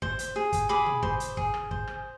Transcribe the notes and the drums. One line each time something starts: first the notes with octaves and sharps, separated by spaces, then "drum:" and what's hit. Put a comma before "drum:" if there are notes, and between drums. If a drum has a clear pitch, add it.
C5, drum: kick
drum: hi-hat
G#4
drum: kick, hi-hat
G#4 B5 D6
drum: tom A#2
C5, drum: kick
drum: hi-hat
G#4, drum: kick
drum: rim click
C5, drum: kick
drum: rim click